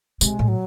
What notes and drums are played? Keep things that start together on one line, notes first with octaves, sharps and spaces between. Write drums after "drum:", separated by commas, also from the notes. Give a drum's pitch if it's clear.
C3 G#3, drum: tambourine
A2
F#3